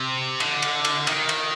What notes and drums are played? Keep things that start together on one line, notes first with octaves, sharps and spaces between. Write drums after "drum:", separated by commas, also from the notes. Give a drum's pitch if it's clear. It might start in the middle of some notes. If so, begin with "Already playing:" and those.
Already playing: C3
D3, drum: cymbal
drum: cymbal
drum: cymbal
D#3, drum: cymbal
drum: cymbal